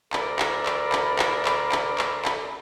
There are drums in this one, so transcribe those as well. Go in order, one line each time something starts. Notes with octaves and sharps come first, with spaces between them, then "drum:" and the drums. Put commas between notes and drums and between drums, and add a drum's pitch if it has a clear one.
D2 A4 A#4 D5 A#5 B5, drum: clap
drum: clap
drum: clap
drum: clap
drum: clap
drum: clap
drum: clap
drum: clap
drum: clap